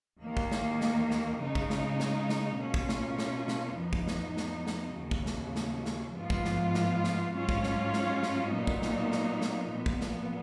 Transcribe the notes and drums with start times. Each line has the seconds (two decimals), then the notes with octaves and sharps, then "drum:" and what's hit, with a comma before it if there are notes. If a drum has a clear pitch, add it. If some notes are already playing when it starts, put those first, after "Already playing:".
0.22 D#2 D#3 A#3
0.37 drum: kick
0.52 drum: snare
0.81 drum: snare
1.11 drum: snare
1.40 C#3 G#3 D#4
1.55 drum: kick
1.70 drum: snare
2.00 drum: snare
2.30 drum: snare
2.60 B2 A#3 C#4 F4
2.74 drum: kick
2.89 drum: snare
3.19 drum: snare
3.48 drum: snare
3.78 F2 F3 B3 D#4
3.93 drum: kick
4.08 drum: snare
4.37 drum: snare
4.67 drum: snare
4.96 D#2 C#3 F#3
5.11 drum: kick
5.26 drum: snare
5.56 drum: snare
5.86 drum: snare
6.15 G#2 F3 B3 F4
6.30 drum: kick
6.45 drum: snare
6.75 drum: snare
7.04 drum: snare
7.34 G#2 F#3 C#4 F4
7.49 drum: kick
7.64 drum: snare
7.93 drum: snare
8.23 drum: snare
8.53 A#2 F#3 B3 D#4
8.67 drum: kick
8.82 drum: snare
9.12 drum: snare
9.42 drum: snare
9.71 A#2 F3 B3
9.86 drum: kick
10.01 drum: snare